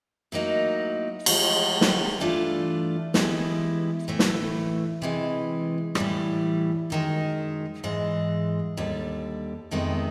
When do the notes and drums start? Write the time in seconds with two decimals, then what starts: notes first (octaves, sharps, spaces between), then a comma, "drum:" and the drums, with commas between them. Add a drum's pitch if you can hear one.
0.32 A2 F#3 A#3 D#4 F#4
1.26 A2 F3 G#3, drum: cymbal
1.81 drum: snare
2.20 G2 E3 A3 D4 F4
3.14 E3 G#3 B3 E4 G4, drum: snare
4.08 A2 E3 A3
4.19 drum: snare
5.02 C3 E3 G#3
5.95 A2 E3 G3, drum: rim click
6.90 F#2 D#3 G#3
7.84 G#2 E3 G#3
8.77 D#2 D3 G3
9.71 F2 C3 D#3 G#3 B3